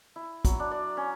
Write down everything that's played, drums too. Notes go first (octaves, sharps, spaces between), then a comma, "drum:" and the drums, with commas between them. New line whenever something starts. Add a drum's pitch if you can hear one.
E4
F#3, drum: kick, hi-hat
D4
D5
C#4